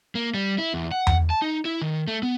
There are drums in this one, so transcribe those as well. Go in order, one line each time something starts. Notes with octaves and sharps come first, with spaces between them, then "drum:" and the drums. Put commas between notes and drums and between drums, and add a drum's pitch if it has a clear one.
A#3
G3
E4
E2
F#5
drum: tom E2
A5
D#4
E4
D#3
A3
B3